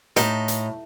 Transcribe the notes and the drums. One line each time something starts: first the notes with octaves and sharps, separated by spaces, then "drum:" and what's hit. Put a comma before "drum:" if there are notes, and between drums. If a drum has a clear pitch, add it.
A2 D#4, drum: hi-hat
drum: hi-hat